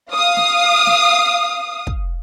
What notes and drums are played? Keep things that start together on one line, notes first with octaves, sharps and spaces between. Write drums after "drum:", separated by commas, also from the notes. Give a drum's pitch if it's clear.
F5 D#6
drum: snare
drum: snare
drum: kick